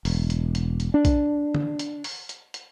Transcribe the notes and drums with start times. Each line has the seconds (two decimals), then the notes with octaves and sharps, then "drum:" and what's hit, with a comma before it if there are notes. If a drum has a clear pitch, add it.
0.05 E1, drum: open hi-hat
0.30 drum: hi-hat
0.55 drum: hi-hat
0.80 drum: hi-hat
0.94 D4
1.05 drum: kick, hi-hat
1.55 drum: tom
1.79 drum: hi-hat
2.04 drum: open hi-hat
2.29 drum: hi-hat
2.54 drum: hi-hat